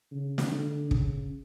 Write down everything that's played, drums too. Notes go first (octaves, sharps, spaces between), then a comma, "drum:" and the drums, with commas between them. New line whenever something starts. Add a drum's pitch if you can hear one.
C#3
drum: snare
D3
C#3, drum: kick